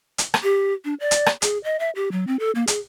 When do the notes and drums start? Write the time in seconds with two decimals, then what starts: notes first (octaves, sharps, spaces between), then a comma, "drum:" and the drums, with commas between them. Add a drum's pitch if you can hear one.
0.18 drum: hi-hat
0.34 drum: rim click
0.43 G4
0.85 D4
1.00 D5
1.11 drum: hi-hat
1.26 drum: rim click
1.42 G#4, drum: hi-hat
1.64 D#5
1.79 E5
1.95 G4
2.12 F#3
2.27 C4
2.39 A4
2.55 A#3
2.67 G#4, drum: hi-hat